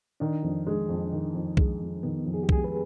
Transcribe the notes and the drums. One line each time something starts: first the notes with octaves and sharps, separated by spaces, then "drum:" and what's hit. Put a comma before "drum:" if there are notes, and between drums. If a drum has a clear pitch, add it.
D#3 D4
F2
G#3
F2
D#3
F2
G#3, drum: kick
F2
D#3 B3
F2
G#4
G4
G#3 G#4, drum: kick
B4